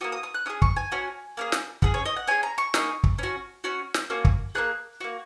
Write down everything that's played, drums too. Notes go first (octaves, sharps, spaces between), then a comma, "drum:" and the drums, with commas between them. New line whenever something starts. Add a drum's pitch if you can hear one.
A#3 C#4 F#4 D#6
D#6
D#6
F#6
C#4 G#4 D#6
C#6, drum: kick
G#5
C#4 F#4
A#3 C#4 G#4
drum: snare
C#4 G#4 F#5, drum: kick
C#5
D#5
F#5
C#4 G#4 G#5
A#5
C#6
A#3 D#4 G#4, drum: snare
drum: kick
C#4 F#4
C#4 F#4
drum: snare
A#3 C#4 F#4
drum: kick
A#3 C#4 G#4 F#6
A#3 F#4